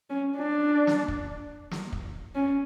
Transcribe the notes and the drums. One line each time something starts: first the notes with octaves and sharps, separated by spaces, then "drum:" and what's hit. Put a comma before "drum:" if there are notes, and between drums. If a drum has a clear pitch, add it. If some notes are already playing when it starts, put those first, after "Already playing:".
C#4
D4
drum: snare
drum: kick
drum: snare
drum: kick
C#4